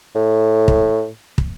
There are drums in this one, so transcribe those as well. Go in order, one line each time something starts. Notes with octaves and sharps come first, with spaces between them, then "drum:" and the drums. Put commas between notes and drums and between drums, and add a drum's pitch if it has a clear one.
A2
drum: kick
drum: kick